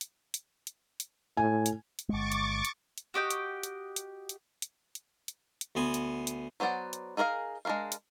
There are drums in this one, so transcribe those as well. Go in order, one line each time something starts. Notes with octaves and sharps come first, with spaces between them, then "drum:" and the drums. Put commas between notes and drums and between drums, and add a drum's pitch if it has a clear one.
drum: hi-hat
drum: hi-hat
drum: hi-hat
drum: hi-hat
A2 G#5
drum: hi-hat
drum: hi-hat
G1 G#3 C#6 D6 A6
drum: hi-hat
drum: hi-hat
drum: hi-hat
F#4 G4 D#5 G5
drum: hi-hat
drum: hi-hat
drum: hi-hat
drum: hi-hat
drum: hi-hat
drum: hi-hat
drum: hi-hat
drum: hi-hat
D2 B3 G#5 C6
drum: hi-hat
drum: hi-hat
F#3 B3 C5 D5 F#5
drum: hi-hat
D#4 G#4 A#4 D5 F5
G#3 D4 F#4 A#4 F5
drum: hi-hat